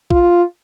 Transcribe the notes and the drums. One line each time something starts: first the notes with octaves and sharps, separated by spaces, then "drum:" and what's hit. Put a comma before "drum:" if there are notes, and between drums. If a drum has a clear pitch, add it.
F4, drum: kick A#1